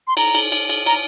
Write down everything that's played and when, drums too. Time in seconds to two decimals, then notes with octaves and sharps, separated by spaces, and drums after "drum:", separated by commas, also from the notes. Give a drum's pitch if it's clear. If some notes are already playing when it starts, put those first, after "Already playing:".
0.07 C6
0.17 A#5, drum: cymbal
0.35 drum: cymbal
0.52 drum: cymbal
0.69 drum: cymbal
0.86 A#5, drum: cymbal